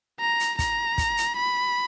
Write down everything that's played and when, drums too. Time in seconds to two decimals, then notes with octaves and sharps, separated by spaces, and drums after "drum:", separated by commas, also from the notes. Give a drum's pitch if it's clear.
0.20 A#5
0.40 drum: hi-hat
0.59 A#5, drum: kick, hi-hat
0.98 drum: kick, hi-hat
1.17 drum: hi-hat
1.36 B5